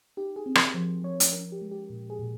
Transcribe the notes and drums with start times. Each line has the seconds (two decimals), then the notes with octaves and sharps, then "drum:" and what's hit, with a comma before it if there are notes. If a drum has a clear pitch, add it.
0.17 D#4 G4
0.36 G#4
0.46 C4
0.55 A#4, drum: rim click
0.74 F3 C5
1.03 F3 C#5
1.20 drum: hi-hat
1.32 C#4 A#4
1.52 G4
1.62 G#3
1.71 G4
1.90 A#2
2.10 G#4
2.19 A#2